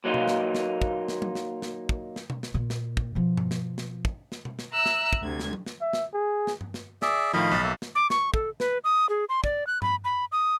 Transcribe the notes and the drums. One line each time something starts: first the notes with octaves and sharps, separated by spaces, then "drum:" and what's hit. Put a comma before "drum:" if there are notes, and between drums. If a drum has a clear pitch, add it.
A#2 F#3 A#3 D#4 F4
drum: tom B2
drum: snare
drum: snare
drum: kick
drum: snare
drum: tom F#3
drum: snare
drum: snare
drum: kick
drum: snare
drum: tom B2
drum: snare
A#2
drum: snare
drum: kick
B2 F3
drum: tom G2
drum: snare
drum: snare
drum: kick
drum: snare
drum: tom B2
drum: snare
E5 A#5 E6 F#6
drum: snare
drum: kick
D2 C3 G#6
drum: snare
drum: tom F#3
drum: snare
E5
drum: snare
G#4
drum: snare
drum: tom G2
drum: snare
G#4 D5 E5, drum: snare
A2 D#3 F3 D#5 F5 B5
B1 A6
A#3 E5
drum: snare
D6
C#6, drum: snare
A4, drum: kick
B4, drum: snare
D#6
G#4
C6
D5, drum: kick
F#6
B5, drum: tom G2
B5
D#6